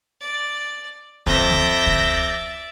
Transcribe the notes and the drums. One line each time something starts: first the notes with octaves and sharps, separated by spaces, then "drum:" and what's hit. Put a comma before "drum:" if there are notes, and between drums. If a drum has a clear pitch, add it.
D5
F2 D5 E5 G6 A#6, drum: kick
drum: snare
drum: kick